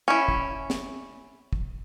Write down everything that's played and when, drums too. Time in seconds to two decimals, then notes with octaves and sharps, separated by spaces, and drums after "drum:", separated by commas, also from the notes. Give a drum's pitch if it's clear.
0.08 C#4 E4
0.28 drum: kick
0.70 drum: snare
1.53 drum: kick